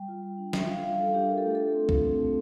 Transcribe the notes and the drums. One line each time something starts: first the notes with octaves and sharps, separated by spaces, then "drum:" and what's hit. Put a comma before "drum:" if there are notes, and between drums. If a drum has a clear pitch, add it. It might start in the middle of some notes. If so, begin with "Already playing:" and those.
Already playing: G3 G5
F4
G3
D4
D4 E5, drum: snare
F4 F5
G3 F5
G3 A4
D4 G4
F4 A#4
A4
A3 G4
A3 A4
C4
A3, drum: kick
C4
A3